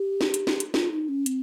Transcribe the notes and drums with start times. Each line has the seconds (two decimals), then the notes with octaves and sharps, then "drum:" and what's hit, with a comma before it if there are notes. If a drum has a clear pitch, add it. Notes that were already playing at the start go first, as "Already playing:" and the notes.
Already playing: G4
0.21 drum: snare
0.34 drum: hi-hat
0.47 drum: snare
0.60 drum: hi-hat
0.74 F4, drum: snare
0.92 D#4
1.09 C#4
1.26 C4, drum: hi-hat